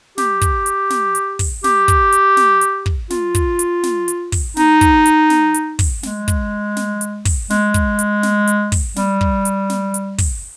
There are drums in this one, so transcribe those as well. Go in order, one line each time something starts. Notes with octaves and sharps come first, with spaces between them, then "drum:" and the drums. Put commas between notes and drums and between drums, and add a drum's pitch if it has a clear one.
G4, drum: snare
drum: kick, hi-hat
drum: hi-hat
drum: snare
drum: hi-hat
drum: kick, open hi-hat
G4, drum: snare
drum: kick, hi-hat
drum: hi-hat
drum: snare
drum: hi-hat
drum: kick
F4, drum: snare
drum: kick, hi-hat
drum: hi-hat
drum: snare
drum: hi-hat
drum: kick, open hi-hat
D#4, drum: snare
drum: kick, hi-hat
drum: hi-hat
drum: snare
drum: hi-hat
drum: kick, open hi-hat
G#3, drum: snare
drum: kick, hi-hat
drum: snare
drum: hi-hat
drum: kick, open hi-hat
G#3, drum: snare
drum: kick, hi-hat
drum: hi-hat
drum: snare
drum: hi-hat
drum: kick, open hi-hat
G3, drum: snare
drum: kick
drum: hi-hat
drum: snare
drum: hi-hat
drum: kick, open hi-hat